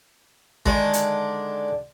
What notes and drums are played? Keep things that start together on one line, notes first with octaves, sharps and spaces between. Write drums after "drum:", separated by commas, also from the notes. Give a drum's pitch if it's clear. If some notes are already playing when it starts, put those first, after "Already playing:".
D3 D#3 G#3 D4, drum: kick G#1
drum: hi-hat